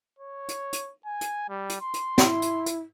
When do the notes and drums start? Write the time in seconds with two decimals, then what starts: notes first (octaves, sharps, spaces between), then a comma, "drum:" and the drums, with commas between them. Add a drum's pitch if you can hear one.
0.19 C#5
0.48 drum: hi-hat
0.73 drum: hi-hat
1.06 G#5
1.21 drum: hi-hat
1.49 G3
1.69 drum: hi-hat
1.82 C6
1.94 drum: hi-hat
2.18 E4, drum: snare
2.42 drum: hi-hat
2.66 drum: hi-hat